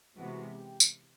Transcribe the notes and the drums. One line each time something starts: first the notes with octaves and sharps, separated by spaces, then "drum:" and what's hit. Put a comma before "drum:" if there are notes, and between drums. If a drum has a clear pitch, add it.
C3 E3 G#3 B3 F#4
G4
drum: tambourine